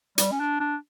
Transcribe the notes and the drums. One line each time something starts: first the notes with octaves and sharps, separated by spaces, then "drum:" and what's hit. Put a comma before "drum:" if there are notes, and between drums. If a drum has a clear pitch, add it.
G3, drum: hi-hat
C#4
D4
D4